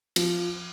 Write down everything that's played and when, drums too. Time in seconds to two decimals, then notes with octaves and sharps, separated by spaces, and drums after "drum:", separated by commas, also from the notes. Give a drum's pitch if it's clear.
0.16 F3, drum: cymbal